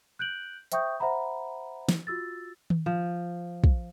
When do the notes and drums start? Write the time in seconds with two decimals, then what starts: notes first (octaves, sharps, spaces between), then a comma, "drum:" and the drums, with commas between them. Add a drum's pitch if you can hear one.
0.19 F#6 G6 D7 F#7
0.72 C5 E5 G5 C#6 D#6 G6, drum: hi-hat
1.00 C5 E5 F#5 A#5 B5
1.89 drum: snare
2.07 F4 F#4 E6 A6
2.70 drum: tom D#3
2.86 F3
3.64 drum: kick